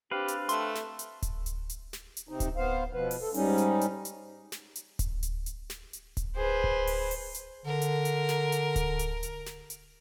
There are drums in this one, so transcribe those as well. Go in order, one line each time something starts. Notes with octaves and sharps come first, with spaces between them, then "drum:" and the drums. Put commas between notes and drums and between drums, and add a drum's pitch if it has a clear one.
C4 D4 G4 B4 F5
drum: hi-hat
A3 C6, drum: hi-hat
drum: snare
drum: hi-hat
drum: kick D1, hi-hat
drum: hi-hat
drum: hi-hat
drum: snare
drum: hi-hat
C3 C4 D#4
drum: kick D1, hi-hat
B3 C5 F5
B2 F3 B4
drum: open hi-hat
A4
G#2 G3 C#4 D#4, drum: open hi-hat
drum: hi-hat
drum: hi-hat
drum: hi-hat
drum: snare
drum: hi-hat
drum: kick D1, hi-hat
drum: hi-hat
drum: hi-hat
drum: snare
drum: hi-hat
drum: kick D1, hi-hat
G#4 B4 C5
drum: kick D1
drum: open hi-hat
drum: open hi-hat
drum: hi-hat
D3 A#4
drum: hi-hat
drum: hi-hat
drum: snare
drum: hi-hat
drum: kick D1, hi-hat
drum: hi-hat
drum: hi-hat
drum: snare
drum: hi-hat